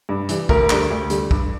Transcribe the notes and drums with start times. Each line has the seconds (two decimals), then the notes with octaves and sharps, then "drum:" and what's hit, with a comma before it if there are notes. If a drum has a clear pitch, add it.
0.09 G2
0.29 E3 G3, drum: hi-hat
0.49 D2 A#4, drum: kick
0.70 D3 G3, drum: clap
0.90 D2
1.10 D3 G3, drum: hi-hat
1.31 G2, drum: kick